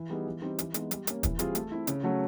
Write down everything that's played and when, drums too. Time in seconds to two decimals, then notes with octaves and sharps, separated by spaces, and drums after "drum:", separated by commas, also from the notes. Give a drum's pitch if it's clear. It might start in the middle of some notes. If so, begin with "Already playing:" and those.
Already playing: E3
0.10 G3 B3 D#4 G#4
0.26 E3
0.42 G3 C4 D#4
0.59 E3, drum: hi-hat
0.74 G#3 B3 D#4, drum: hi-hat
0.91 G3, drum: hi-hat
1.07 A#3 C#4, drum: hi-hat
1.23 E3, drum: kick, hi-hat
1.39 G3 C4 F4 G#4, drum: hi-hat
1.55 A3, drum: hi-hat
1.71 C4 E4
1.87 C#3, drum: hi-hat
2.03 F#3 A3 C#4 F#4